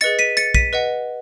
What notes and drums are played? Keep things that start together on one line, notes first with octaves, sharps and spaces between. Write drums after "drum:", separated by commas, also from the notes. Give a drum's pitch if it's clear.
G#4 B4 D#5 A6 C#7
B6 D#7
A6 C#7
B6 D#7, drum: kick
B4 D#5 F#5